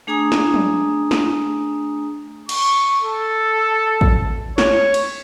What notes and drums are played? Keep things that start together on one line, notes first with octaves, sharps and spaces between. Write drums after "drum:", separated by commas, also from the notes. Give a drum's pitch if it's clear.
A3 D4 G#4 G#5 A#5 D#6
drum: snare
drum: tom
drum: snare
C#6, drum: cymbal
A4
drum: kick
C#5, drum: snare
drum: cymbal